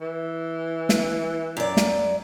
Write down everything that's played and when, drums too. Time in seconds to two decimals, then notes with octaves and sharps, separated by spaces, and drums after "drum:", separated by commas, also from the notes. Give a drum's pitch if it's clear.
0.01 E3
0.89 drum: snare
1.57 F#2 D5
1.77 drum: snare